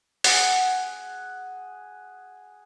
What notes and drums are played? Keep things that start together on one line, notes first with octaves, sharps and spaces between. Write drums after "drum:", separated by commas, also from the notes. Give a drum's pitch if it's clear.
G#4 F#5, drum: open hi-hat